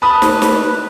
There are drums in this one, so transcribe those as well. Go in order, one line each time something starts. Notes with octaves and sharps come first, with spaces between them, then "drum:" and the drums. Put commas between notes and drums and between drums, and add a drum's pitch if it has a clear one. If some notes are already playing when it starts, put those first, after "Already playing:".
B4 A5 B5 D#6
drum: snare
drum: snare